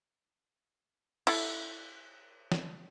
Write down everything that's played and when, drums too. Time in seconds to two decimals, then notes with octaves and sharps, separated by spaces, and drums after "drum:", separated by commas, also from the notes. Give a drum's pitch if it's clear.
1.27 E4 A4, drum: cymbal
2.52 drum: snare